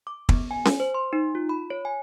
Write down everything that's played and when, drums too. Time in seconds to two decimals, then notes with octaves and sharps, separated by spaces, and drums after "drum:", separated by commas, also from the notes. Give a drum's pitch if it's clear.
0.07 D6
0.29 B3, drum: kick
0.51 G#5
0.65 drum: snare C#4
0.80 C5
0.94 C6
1.13 D#4
1.35 F4
1.49 B5
1.70 C#5
1.85 G#5